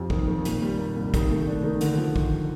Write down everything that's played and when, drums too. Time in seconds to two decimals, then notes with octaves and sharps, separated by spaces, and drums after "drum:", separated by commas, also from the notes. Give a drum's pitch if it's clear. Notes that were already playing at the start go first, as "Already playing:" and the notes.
Already playing: F2 C4 G4
0.10 D#3, drum: kick
0.28 D#3
0.45 A#2, drum: hi-hat
0.62 G3
0.79 A#3
0.96 C2
1.14 D#3, drum: kick, hi-hat
1.30 A3
1.47 D4
1.64 D#3
1.81 D3, drum: hi-hat
1.98 F3
2.16 drum: kick